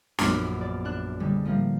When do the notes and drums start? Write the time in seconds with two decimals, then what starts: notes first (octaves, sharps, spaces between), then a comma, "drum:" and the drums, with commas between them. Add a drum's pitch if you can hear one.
0.19 A#1 F#2 B3 F#5 D6 F6, drum: snare
0.61 D5
0.85 D4 F#6 E7
1.20 D3 G3 G#3
1.45 A2 F3 G3 A#3